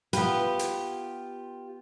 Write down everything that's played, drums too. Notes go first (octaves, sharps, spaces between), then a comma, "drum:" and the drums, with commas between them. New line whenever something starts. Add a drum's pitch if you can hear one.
B3 F4 G4 B4, drum: hi-hat
drum: hi-hat